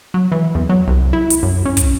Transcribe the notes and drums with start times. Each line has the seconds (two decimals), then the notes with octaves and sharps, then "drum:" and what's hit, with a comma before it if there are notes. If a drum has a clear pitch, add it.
0.14 F#3
0.32 E3
0.55 E2
0.69 F#3
0.88 C2
1.13 E4
1.30 drum: hi-hat
1.43 F#2
1.66 C#4
1.77 drum: kick, hi-hat